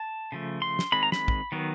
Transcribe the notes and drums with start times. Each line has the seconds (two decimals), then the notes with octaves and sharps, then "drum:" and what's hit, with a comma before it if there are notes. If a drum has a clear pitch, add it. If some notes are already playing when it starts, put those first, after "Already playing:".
Already playing: A5
0.32 C#3 F3 A3
0.62 C6
0.79 drum: snare
0.92 D#3 G#3 C4 B5
1.03 A#5
1.12 B5, drum: snare
1.28 drum: kick
1.52 D#3 F#3 B3